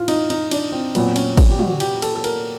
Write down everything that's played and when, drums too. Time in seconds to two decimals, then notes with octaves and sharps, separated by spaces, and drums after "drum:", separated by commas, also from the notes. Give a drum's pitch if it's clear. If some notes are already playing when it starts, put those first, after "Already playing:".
Already playing: A2 E3 F4
0.08 D#4, drum: cymbal
0.30 D#4, drum: cymbal
0.51 D4, drum: cymbal
0.72 C4
0.95 A#2 F#3 B3 C4, drum: cymbal
1.16 C#4, drum: cymbal
1.37 drum: kick G#1, cymbal
1.50 G4
1.59 F#4, drum: tom
1.70 F#4
1.80 G4, drum: cymbal
2.02 A4, drum: cymbal
2.15 A4
2.24 A#4, drum: cymbal